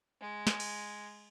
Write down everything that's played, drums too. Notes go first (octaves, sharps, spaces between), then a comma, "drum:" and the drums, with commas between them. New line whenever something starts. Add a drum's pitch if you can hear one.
G#3
drum: snare
drum: cymbal